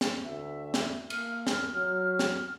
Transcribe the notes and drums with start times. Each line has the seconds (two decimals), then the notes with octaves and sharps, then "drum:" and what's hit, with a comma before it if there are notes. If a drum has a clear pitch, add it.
0.01 drum: snare
0.24 D2 E5
0.74 drum: snare
1.10 A#3 F6, drum: cymbal
1.47 drum: snare
1.74 F#3
2.19 drum: snare